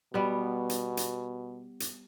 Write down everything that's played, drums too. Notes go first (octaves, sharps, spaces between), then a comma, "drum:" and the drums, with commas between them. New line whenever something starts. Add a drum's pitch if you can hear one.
B2 G3 B3
drum: hi-hat
drum: hi-hat
drum: hi-hat